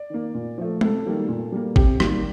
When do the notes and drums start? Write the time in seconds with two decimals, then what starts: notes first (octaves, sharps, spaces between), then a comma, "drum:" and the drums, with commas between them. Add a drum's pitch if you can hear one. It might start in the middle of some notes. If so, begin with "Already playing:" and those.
Already playing: D5
0.10 D#3 A#3
0.34 A#2
0.58 F3 A3
0.81 C3 A4, drum: tom G#3
1.06 D#3 G3 A#3
1.28 A#2
1.52 G3 A#3
1.76 C3 G4, drum: kick G#1
2.00 D#3 G3 A#3, drum: rim click